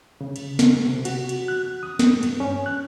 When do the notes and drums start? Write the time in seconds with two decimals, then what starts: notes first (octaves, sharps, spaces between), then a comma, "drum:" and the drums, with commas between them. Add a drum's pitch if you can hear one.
0.21 C#3
0.36 drum: cymbal
0.59 drum: snare
0.86 C3
1.05 F#4, drum: cymbal
1.29 drum: cymbal
1.48 F#6
1.83 D#6
1.99 drum: snare
2.23 G2, drum: cymbal
2.40 C#4
2.66 F#6